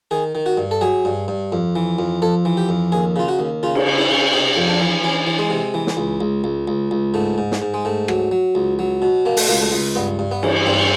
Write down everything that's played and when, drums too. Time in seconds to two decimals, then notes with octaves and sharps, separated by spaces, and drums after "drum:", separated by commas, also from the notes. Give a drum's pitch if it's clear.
0.11 D#3 G#4
0.35 D#3
0.46 F#4
0.57 G2
0.71 A4
0.81 F#3 G#4
1.05 G2
1.28 G2
1.52 F2
1.76 E3
1.99 F2
2.22 F2 A4
2.45 E3
2.57 G4
2.69 F2
2.92 D#2 G#4
3.16 C#3 F4
3.28 F#4
3.39 D#2
3.63 C#3 F4
3.75 drum: cymbal
3.86 C#3
3.98 E4
4.10 C#3
4.33 C3 D#4
4.57 F2
4.68 D4
4.81 E3
5.04 E3 C#4
5.27 E3
5.39 G#3
5.50 C3
5.74 E3
5.87 drum: snare
5.97 C#2
6.21 C#2
6.44 C#2
6.68 C#2
6.91 C#2
7.14 G#2 A3
7.38 G#2
7.52 drum: snare
7.62 G#2
7.74 G#3
7.85 G#2 A3
8.08 F#3, drum: rim click
8.31 F#3
8.55 C#2
8.79 F#3
9.02 B2
9.25 B2 A#3
9.37 A3, drum: open hi-hat
9.48 C#2 A#3
9.60 A3
9.72 C#2
9.96 G2 B3
10.19 G2
10.31 B3
10.43 E3, drum: cymbal
10.66 G2 C4